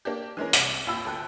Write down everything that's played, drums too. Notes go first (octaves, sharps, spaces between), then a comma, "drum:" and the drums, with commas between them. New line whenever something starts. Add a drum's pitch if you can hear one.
A#3 D4 G4
E3 G#3 C#4 A#4
C2, drum: hi-hat
A1 D#2 F4 G5 B5 E6
G1 D2 A4 G5 F#6